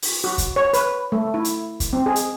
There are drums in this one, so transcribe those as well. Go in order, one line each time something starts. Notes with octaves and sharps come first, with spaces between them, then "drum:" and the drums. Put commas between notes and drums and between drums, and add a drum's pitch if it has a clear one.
drum: open hi-hat
F#4
drum: kick, hi-hat
C#5
B4, drum: hi-hat
A3
E4
drum: hi-hat
drum: kick, hi-hat
C4
G#4
drum: hi-hat